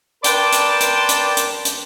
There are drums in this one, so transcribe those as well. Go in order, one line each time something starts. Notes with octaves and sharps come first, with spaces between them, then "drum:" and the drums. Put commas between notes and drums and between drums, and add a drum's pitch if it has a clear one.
A#4 B4 D5 G5 A5 C6, drum: hi-hat
drum: hi-hat
drum: hi-hat
drum: hi-hat
drum: hi-hat
drum: hi-hat